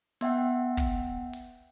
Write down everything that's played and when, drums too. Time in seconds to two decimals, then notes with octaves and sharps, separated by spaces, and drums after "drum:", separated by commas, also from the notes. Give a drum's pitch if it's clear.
0.21 B3 E5 F#5 G5, drum: hi-hat
0.77 drum: kick, hi-hat
1.33 drum: hi-hat